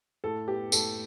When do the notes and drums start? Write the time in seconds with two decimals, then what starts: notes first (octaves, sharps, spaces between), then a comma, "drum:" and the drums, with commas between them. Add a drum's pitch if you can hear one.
0.24 A2 A4
0.47 B3 G4
0.72 A2 A4, drum: tambourine